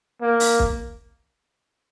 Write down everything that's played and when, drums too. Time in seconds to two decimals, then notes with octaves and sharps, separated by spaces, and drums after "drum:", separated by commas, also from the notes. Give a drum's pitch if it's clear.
0.22 A#3
0.40 drum: open hi-hat
0.59 drum: kick